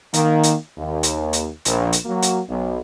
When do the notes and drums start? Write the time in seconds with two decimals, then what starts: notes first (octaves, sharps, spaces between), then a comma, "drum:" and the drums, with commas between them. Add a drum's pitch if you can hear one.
0.14 D#3 A#3, drum: hi-hat
0.43 drum: hi-hat
0.78 D#2
1.03 drum: hi-hat
1.33 drum: hi-hat
1.65 A#1, drum: hi-hat
1.93 drum: hi-hat
2.05 F#3 A#3 F#4
2.22 drum: hi-hat
2.49 B1